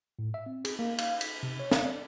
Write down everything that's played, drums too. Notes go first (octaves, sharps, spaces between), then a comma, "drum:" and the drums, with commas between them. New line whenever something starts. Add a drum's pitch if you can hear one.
A2
E5
C4
G#4, drum: cymbal
A#3
F5, drum: cymbal
B6, drum: cymbal
C3
C#5
F5, drum: snare
D5